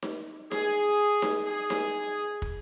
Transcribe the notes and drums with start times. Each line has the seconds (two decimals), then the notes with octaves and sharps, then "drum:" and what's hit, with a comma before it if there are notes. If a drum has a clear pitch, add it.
0.03 drum: snare D#4
0.51 G#4, drum: snare D#4
1.22 drum: snare D#4
1.46 G#4
1.70 drum: snare D#4
2.42 drum: kick